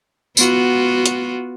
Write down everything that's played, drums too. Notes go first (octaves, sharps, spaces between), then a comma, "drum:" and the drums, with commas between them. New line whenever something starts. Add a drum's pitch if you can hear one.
B3 F4 F#4, drum: tambourine
drum: hi-hat